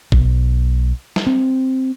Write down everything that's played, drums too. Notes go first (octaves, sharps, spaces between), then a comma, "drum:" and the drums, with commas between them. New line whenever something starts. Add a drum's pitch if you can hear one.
B1, drum: kick G#1
drum: snare
C4